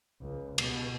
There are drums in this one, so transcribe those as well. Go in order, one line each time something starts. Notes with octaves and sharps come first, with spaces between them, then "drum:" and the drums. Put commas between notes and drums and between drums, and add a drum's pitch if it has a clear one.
C#2
B2, drum: cymbal